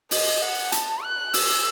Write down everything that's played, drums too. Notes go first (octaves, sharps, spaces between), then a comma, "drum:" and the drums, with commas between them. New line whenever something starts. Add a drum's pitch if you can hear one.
D#5, drum: open hi-hat
F#5
A5, drum: hi-hat
F#6
E6, drum: open hi-hat